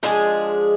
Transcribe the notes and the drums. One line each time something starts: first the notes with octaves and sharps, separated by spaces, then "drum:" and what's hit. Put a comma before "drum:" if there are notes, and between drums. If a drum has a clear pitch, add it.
F3 G#3 D4 G#4, drum: hi-hat